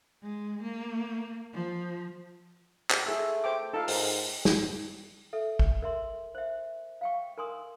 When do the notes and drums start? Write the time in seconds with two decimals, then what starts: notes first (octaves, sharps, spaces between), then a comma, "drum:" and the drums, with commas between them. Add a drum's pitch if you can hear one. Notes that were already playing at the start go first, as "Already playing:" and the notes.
0.23 G#3
0.62 A#3
1.53 F3
2.90 G#2, drum: clap
3.06 A3 E4 G#4 E6
3.20 A4
3.44 C5 G5 D6
3.73 D#4 F4 A4 F5
3.88 G#2 A#4, drum: open hi-hat
4.45 drum: snare
5.33 A4 E5
5.59 drum: kick
5.82 A#4 E5 C6
6.35 C5 E5
7.01 F5 G5 C#6
7.38 A#4 G#5 C6 D#6